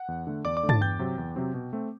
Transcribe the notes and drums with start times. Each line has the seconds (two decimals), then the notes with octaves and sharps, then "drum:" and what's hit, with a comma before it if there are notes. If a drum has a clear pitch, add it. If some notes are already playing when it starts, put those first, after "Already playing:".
Already playing: F#5
0.08 E2
0.27 D3 A3
0.45 E2 D5 D6
0.57 D5 D6
0.63 D3 A3
0.69 A5 A6, drum: tom
0.81 E2 G5 G6
0.99 C3 F#3 C4
1.18 E2
1.36 C3 F#3 C4
1.54 B2
1.73 A3 C4